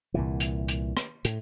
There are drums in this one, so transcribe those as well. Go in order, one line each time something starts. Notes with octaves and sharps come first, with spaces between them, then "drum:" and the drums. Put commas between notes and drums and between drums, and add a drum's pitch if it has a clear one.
C2 A#2 E3
drum: hi-hat
drum: hi-hat
drum: rim click
A2, drum: hi-hat